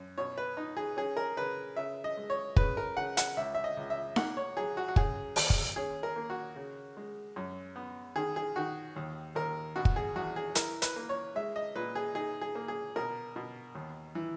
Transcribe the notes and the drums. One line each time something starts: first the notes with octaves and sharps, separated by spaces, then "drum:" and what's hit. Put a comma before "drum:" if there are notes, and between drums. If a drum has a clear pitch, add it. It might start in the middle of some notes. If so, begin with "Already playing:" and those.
Already playing: F#2
B2 C#5
B4
D#4
G#4
C#4 G#4
A#4
C#3 B4
C#3 E5
D#5
G#3
C#5
C#3 B4, drum: kick
A#4
C#3 F#5
F#5, drum: hi-hat
C#2 E5
E5
D#5
C#2
E5
A#3 F#5, drum: snare D#4
C#5
F#3 G#4
F#4
F#4
C#3 G#4, drum: kick
D#2, drum: open hi-hat
drum: kick
C#4 G#4
A#4
A#3
F#4
C#3
G#3
F#2
B3
D#3 G#4
G#4
D#3 F#4
D#2
D#2 A#4
B2 F#4
drum: kick
G#4
E2 F#4
G#4
E3 A#4, drum: hi-hat
B4, drum: hi-hat
A#3
C#5
G#3 E5
D#5
A#2 B4
G#4
D#4 G#4
G#4
A#3
G#4
B2 A#4
B2
D#2
E3